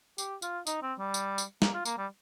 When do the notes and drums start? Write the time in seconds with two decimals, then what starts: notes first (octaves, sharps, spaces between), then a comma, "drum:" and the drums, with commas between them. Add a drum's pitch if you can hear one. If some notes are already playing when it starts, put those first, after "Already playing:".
0.18 G4, drum: tambourine
0.42 F4, drum: tambourine
0.67 D#4, drum: tambourine
0.82 C4
0.98 G3
1.14 drum: tambourine
1.38 drum: tambourine
1.62 A#3, drum: snare
1.74 F4
1.85 A#3, drum: tambourine
1.98 G3